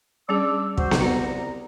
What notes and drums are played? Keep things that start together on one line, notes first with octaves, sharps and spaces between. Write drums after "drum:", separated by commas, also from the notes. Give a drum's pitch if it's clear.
G3 C#4 D4 G#4 D6 E6
F#4 C5, drum: kick
drum: snare B3
C2 F#4 F#5 A#5